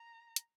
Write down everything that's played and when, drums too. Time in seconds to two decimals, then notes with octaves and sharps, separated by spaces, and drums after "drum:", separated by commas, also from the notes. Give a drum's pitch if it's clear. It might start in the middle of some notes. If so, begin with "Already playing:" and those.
Already playing: A#5
0.36 drum: hi-hat